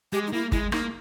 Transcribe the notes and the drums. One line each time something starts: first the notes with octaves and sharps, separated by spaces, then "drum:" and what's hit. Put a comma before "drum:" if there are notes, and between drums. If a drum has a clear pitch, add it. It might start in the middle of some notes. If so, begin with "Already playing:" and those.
G#3 G4
D#4
A#3 E4
G#3 E4, drum: kick
A#3 D#4, drum: rim click